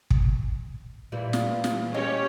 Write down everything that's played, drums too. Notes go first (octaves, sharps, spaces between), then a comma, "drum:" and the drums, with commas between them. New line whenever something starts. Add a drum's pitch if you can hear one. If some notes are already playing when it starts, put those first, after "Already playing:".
drum: kick
A#2 E3 G3
drum: snare
drum: snare
C#4 G4 C#5 D#5